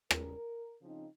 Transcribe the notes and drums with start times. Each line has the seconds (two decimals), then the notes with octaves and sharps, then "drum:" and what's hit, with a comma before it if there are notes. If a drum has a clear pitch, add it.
0.11 G#2 G3 C#4 A#4, drum: rim click
0.82 C#3 F3 C4 D#4